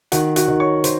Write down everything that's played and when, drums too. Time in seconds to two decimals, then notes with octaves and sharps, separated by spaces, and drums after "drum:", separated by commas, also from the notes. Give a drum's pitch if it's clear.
0.12 D#3 F#4 F#5, drum: hi-hat
0.36 F#4 F#5, drum: hi-hat
0.48 D#3
0.60 C#5 C#6
0.84 D#3 C5 C6, drum: hi-hat